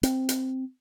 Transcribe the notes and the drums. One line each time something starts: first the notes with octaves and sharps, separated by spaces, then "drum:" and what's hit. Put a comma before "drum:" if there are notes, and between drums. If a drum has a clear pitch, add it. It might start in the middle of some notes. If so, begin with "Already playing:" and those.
C4, drum: hi-hat
drum: hi-hat